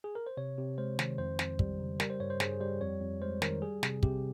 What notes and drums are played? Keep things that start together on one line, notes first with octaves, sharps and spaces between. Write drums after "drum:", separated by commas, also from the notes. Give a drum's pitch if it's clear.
G#4
A#4
C5
C3 C#5
C3
G#3 C5
D#3, drum: snare
F2 C5
F2, drum: snare
G3, drum: kick
C#3
G3 A#4, drum: snare
C5
G2 C#5
C5
G2 G#4, drum: snare
G3 C5
F2 C#5
F2
G#3 C5
D#3 A#4, drum: snare
G3 G#4
C3, drum: snare
C3 G4, drum: kick